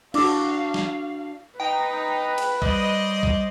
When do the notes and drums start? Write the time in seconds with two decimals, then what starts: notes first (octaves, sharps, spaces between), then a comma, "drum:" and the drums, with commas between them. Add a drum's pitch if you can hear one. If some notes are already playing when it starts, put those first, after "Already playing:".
0.14 D4 E4 F#4 F5 D6 E6, drum: cymbal
0.74 drum: snare
1.60 D#4 B4 G5
2.38 drum: cymbal
2.62 G3 C5 D5 D#5, drum: kick B1
3.23 drum: kick B1